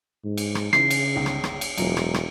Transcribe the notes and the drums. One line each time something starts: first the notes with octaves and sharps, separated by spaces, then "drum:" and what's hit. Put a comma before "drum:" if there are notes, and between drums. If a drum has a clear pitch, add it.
G#2
drum: cymbal
drum: rim click
C#3 E3 D#4 C7, drum: rim click
drum: cymbal
G1 C#2 D#4
drum: rim click
drum: rim click
drum: cymbal
E1 F#2 F#3 F4, drum: cymbal
drum: rim click
drum: rim click